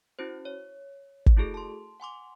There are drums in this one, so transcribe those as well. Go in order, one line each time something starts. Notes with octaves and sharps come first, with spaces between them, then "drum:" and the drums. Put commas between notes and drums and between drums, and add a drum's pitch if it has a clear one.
C#4 E4 F#4 C5
C#5
drum: kick
A3 E4 F#4 G#4 A4
A5 C6
F#5 G#5 C6 D6